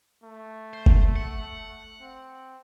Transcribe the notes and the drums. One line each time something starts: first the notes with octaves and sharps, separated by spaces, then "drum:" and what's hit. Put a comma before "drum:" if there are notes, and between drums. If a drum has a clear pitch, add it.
A3
C5
drum: kick F#1
F#5
C4